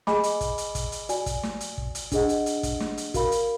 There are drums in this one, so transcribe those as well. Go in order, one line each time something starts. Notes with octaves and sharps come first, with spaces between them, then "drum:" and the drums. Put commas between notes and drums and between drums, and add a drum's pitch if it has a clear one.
G#4 D#5 G#5 B5 D6, drum: snare
drum: hi-hat
drum: kick, hi-hat
drum: hi-hat
drum: kick, hi-hat
drum: hi-hat
F#4 D5 G#5, drum: hi-hat
drum: kick, hi-hat
drum: snare
drum: hi-hat
drum: kick
drum: hi-hat
D4 G#4 D#5 F#5, drum: kick, hi-hat
drum: hi-hat
drum: hi-hat
drum: kick, hi-hat
drum: snare
drum: hi-hat
F#4 A#4 F5 B5, drum: kick, hi-hat
drum: hi-hat